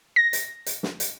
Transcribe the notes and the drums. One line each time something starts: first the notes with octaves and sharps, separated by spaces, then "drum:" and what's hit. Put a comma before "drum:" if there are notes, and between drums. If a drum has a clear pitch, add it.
A#6
drum: hi-hat
drum: hi-hat
drum: snare
drum: hi-hat